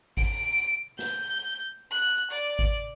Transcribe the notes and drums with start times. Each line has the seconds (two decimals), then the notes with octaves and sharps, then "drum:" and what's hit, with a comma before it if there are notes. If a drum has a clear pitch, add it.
0.17 D7, drum: kick G#1
0.99 G6, drum: snare
1.91 F#6
2.31 D5
2.59 drum: kick G#1